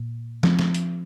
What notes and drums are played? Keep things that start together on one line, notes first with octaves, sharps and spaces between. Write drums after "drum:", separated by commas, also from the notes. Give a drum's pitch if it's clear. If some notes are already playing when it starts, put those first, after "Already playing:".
Already playing: A#2
F3 C4, drum: snare
drum: snare
drum: hi-hat